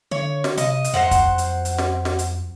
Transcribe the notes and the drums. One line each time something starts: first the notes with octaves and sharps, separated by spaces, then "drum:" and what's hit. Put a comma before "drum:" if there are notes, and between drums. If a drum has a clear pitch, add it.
D3 C#5
drum: snare
C3 D#5, drum: hi-hat
drum: hi-hat
F2 F#3 C5 F#5
drum: kick, hi-hat
drum: hi-hat
drum: hi-hat
drum: snare
drum: snare
drum: hi-hat